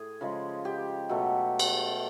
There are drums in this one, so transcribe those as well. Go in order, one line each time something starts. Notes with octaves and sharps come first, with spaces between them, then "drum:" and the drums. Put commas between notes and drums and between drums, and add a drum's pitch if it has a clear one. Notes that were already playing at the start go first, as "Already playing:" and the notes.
Already playing: A2 G#4
C#3 F3 G#3
G4
B2 F#3 A3
drum: cymbal